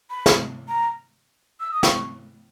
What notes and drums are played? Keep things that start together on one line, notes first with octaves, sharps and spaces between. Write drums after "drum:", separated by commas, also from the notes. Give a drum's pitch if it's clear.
B5
drum: snare
A#5
E6
D#6
C#6, drum: snare